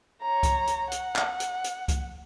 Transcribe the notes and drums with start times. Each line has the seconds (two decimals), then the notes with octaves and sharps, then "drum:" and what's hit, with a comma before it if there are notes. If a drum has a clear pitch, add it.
0.22 C#5 A#5
0.43 drum: kick C2, hi-hat
0.67 drum: hi-hat
0.92 F#5, drum: hi-hat
1.16 drum: clap
1.40 drum: hi-hat
1.64 drum: hi-hat
1.88 drum: kick C2, hi-hat